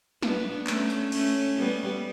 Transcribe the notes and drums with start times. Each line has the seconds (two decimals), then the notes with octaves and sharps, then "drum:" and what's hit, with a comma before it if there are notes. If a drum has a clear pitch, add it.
0.23 B3 D4, drum: snare
0.67 A3 C#4, drum: clap
0.90 drum: tambourine
1.12 A3 C#4, drum: cymbal
1.57 G3 B3